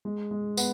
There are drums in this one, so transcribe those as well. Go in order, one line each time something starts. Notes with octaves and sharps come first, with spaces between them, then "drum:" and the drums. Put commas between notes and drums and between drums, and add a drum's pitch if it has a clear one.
G#3
G#3
B3, drum: tambourine